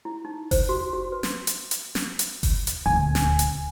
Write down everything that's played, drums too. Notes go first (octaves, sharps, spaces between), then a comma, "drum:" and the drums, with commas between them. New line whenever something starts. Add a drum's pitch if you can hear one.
E4
D#4
C5, drum: kick F#1, open hi-hat
F#4
F#4
B4
drum: snare
drum: hi-hat
drum: hi-hat
drum: snare
drum: hi-hat
drum: kick F#1, open hi-hat
drum: hi-hat
D#1 D2 G#5
drum: snare
drum: hi-hat